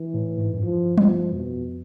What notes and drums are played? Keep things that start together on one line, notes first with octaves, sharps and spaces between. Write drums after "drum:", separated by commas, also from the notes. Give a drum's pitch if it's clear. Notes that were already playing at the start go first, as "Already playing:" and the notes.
Already playing: E3
A2
G#2
F#2
G2 F3
F3, drum: tom G3
F2 B2